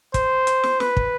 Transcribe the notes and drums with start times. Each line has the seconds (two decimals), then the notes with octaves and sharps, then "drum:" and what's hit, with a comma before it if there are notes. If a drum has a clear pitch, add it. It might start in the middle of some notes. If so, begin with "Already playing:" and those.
0.14 C5, drum: kick, hi-hat
0.47 drum: hi-hat
0.63 drum: snare
0.80 B4, drum: snare
0.97 drum: kick